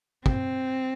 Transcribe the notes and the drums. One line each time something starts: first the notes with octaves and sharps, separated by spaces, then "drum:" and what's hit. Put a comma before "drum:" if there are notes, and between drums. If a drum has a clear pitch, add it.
C4, drum: kick